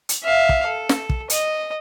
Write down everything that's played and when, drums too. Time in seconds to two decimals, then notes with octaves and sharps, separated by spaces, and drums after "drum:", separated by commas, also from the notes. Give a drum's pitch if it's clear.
0.09 drum: hi-hat
0.23 E5 F5
0.49 drum: kick
0.66 A4
0.89 drum: snare
1.09 drum: kick
1.30 D#5, drum: hi-hat